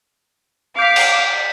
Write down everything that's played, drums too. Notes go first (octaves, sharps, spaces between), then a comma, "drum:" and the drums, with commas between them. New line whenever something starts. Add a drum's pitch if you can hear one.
F5 D6 G6 B6 C7
drum: cymbal